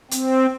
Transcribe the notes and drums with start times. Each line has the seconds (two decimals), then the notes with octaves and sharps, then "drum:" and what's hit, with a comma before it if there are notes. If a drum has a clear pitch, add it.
0.11 C4, drum: hi-hat